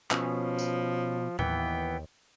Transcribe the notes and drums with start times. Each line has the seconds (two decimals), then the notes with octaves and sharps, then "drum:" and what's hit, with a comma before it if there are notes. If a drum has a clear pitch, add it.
0.11 B2 F3 C#4, drum: clap
0.59 drum: tambourine
1.39 D#2 E3 B3 G5, drum: tom A2